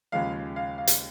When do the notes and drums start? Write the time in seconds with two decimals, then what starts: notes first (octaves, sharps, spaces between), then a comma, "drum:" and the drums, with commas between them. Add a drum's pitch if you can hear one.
0.12 D#2 C#3 F3 G#3 F5
0.56 F5
0.78 F5
0.87 drum: hi-hat